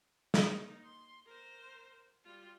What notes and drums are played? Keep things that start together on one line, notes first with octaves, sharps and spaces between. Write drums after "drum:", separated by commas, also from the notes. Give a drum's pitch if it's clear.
A#3 D#4, drum: snare
C6
A#4 C5
G3 F4